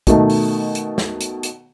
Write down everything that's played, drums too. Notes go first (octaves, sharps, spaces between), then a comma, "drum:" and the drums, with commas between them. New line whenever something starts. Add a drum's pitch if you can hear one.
B2 D#3 A3, drum: kick, hi-hat
drum: open hi-hat
drum: hi-hat
drum: snare
drum: hi-hat
drum: hi-hat